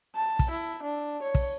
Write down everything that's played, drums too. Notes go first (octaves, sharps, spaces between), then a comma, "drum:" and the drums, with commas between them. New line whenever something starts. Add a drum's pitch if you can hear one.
A5
drum: kick
E4
D4
C#5
drum: kick